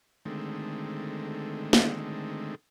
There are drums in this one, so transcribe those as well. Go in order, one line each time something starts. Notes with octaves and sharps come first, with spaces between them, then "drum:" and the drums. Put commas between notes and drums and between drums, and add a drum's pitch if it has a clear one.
D3 D#3 G#3 A3 C4
drum: snare